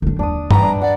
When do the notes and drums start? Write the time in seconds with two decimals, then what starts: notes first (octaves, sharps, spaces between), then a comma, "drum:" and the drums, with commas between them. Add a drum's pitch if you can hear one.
0.02 D3 D4
0.19 D#2 D4 D#6
0.51 G3 B4 E5 G5 A#5, drum: tom
0.63 D4
0.82 D5 F#5